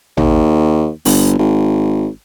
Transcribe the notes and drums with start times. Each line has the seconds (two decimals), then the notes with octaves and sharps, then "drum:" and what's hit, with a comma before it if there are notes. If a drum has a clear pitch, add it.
0.17 D#2, drum: tom A1
1.05 G1, drum: open hi-hat
1.39 G#1